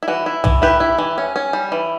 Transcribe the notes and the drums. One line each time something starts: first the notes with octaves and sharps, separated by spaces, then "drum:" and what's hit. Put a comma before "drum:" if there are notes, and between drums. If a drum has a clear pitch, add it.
E4
E3 F#4
E4
E3, drum: tom
E4 G4 B4
E4
E3
C#4
C#4
G3
E3